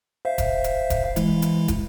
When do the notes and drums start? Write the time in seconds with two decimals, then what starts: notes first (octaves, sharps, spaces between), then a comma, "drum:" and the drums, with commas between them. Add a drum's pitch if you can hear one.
0.25 C5 E5 F5
0.38 drum: kick, hi-hat
0.64 drum: hi-hat
0.90 drum: kick, hi-hat
1.16 E3 G#3 E4, drum: hi-hat
1.42 drum: hi-hat
1.68 drum: kick, hi-hat